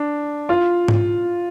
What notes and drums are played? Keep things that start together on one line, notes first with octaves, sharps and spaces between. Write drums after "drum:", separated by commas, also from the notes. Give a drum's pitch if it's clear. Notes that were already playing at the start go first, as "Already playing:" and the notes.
Already playing: D4
F4
drum: tom G#2